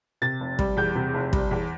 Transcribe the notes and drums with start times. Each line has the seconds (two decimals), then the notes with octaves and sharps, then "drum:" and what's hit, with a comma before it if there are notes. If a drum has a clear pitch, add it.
0.22 C3 A6
0.40 F1
0.59 G3, drum: kick
0.77 E2 G6
0.95 C3
1.14 F1
1.33 G3, drum: kick
1.51 E2